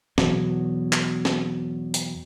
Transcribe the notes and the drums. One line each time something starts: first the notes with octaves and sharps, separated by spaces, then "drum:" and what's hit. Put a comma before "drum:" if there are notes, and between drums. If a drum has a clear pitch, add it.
E2 B2 F#3, drum: snare
drum: clap
drum: snare
drum: hi-hat